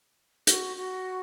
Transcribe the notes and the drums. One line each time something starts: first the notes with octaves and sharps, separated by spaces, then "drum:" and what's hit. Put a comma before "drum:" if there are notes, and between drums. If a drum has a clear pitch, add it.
F#4, drum: hi-hat
F#4